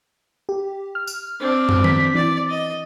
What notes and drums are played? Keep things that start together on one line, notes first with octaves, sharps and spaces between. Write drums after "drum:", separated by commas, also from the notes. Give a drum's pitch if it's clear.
G4
F6
drum: tambourine
C4 D4
drum: tom
B6, drum: tom D#3
E3 D5 A6
D#5